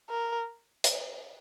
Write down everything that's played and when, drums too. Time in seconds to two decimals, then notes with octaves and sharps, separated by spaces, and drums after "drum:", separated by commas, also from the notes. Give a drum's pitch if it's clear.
0.09 A#4
0.84 drum: hi-hat